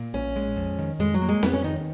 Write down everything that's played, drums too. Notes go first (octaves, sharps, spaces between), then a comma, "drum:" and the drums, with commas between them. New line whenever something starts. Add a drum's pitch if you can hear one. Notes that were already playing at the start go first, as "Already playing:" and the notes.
Already playing: A#2
A#1 C#4
G#3
F2
D#3
F2 G#3
F#3
A#3
G#3
F2 B3, drum: snare C4
C#4
D#3 D#4